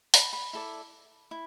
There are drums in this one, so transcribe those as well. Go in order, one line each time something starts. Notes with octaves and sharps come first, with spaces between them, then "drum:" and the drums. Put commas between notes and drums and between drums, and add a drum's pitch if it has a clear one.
B5, drum: open hi-hat
B5
E4 A4 D5
E4